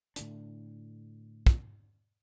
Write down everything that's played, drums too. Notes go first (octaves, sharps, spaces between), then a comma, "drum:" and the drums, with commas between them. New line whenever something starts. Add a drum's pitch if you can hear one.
A2 D3 D4, drum: hi-hat
drum: kick